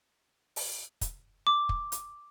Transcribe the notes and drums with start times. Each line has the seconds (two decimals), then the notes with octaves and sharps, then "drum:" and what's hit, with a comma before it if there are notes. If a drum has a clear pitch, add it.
0.56 drum: open hi-hat
1.01 drum: kick, hi-hat
1.47 D6
1.69 drum: kick
1.92 drum: hi-hat